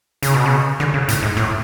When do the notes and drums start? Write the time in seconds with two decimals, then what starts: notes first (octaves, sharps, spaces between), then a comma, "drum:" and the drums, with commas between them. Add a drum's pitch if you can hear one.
0.23 C#3, drum: hi-hat
0.34 B2
0.46 C#3
0.80 D3, drum: rim click
0.94 C#3
1.08 A2, drum: hi-hat
1.22 G#2
1.37 A2, drum: rim click